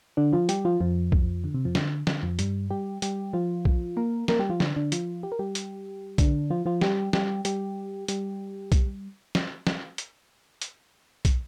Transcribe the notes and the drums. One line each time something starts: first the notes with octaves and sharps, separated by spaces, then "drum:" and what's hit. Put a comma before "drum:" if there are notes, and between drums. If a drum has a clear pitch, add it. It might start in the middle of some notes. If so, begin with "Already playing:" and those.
D3 D4
F3 F4
G3 G4, drum: hi-hat
F3 F4
F2 F3
drum: kick
D3
C3
F2 F3
D3, drum: snare
D3, drum: snare
F2 F3
G2 G3, drum: hi-hat
G3 G4
G3 G4, drum: hi-hat
F3 F4
drum: kick
A#3 A#4
A#3 A#4, drum: snare
G3 G4
F3 F4
D3 D4, drum: snare
D3 D4
F3 F4, drum: hi-hat
G4
A#4
G3 G4
drum: hi-hat
D3 D4, drum: kick, hi-hat
F3 F4
F3 F4
G3 G4, drum: snare
G3 G4, drum: snare
G3 G4, drum: hi-hat
G3 G4, drum: hi-hat
drum: kick, hi-hat
drum: snare
drum: snare
drum: hi-hat
drum: hi-hat
drum: kick, hi-hat